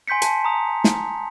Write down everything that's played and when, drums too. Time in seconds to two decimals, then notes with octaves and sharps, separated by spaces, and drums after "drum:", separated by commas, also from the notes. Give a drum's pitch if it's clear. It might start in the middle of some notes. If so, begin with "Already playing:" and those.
0.07 G#5 C6 G6 B6 C#7
0.22 A5, drum: hi-hat
0.44 A#5 D#6 F7
0.84 drum: snare